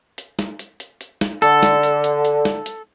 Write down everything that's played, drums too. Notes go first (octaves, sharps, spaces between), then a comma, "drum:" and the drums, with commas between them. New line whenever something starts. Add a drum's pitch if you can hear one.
drum: hi-hat
drum: snare
drum: hi-hat
drum: hi-hat
drum: hi-hat
drum: snare
D3 A4, drum: hi-hat
drum: snare
drum: hi-hat
drum: hi-hat
drum: hi-hat
drum: snare
drum: hi-hat